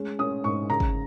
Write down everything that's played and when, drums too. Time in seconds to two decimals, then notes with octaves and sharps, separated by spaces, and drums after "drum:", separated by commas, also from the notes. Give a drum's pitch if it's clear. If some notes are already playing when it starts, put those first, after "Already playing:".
Already playing: G#3 C#4
0.19 C#4 D#6
0.44 G#2 C#6
0.69 C#3 A#5
0.80 drum: kick